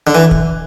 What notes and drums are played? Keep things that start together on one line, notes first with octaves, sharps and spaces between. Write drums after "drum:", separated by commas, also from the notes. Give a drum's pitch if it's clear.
D3
E3
drum: kick